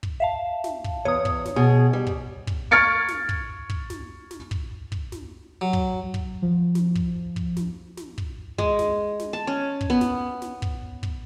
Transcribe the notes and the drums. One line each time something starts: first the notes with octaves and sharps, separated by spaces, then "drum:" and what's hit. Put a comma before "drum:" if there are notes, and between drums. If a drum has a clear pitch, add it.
drum: kick
E5 F5 A5
drum: snare
drum: kick
E2 C#5 D#6
drum: kick
drum: snare
B2 G#4
G3
drum: kick
drum: kick
C#6 F6 G#6 A6 C#7 D7
drum: snare
drum: kick
drum: kick
drum: snare
drum: snare
drum: kick
drum: kick
drum: snare
F#3
drum: kick
drum: kick
F3
drum: snare
drum: kick
drum: kick
drum: snare
drum: snare
drum: kick
G#3, drum: kick
drum: snare
drum: snare
A5
C#4
drum: kick
B3
drum: snare
drum: snare
drum: kick
drum: kick